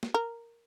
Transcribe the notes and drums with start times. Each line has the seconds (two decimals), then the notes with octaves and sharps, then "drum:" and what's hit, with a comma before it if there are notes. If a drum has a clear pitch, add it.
0.03 drum: snare
0.14 A#4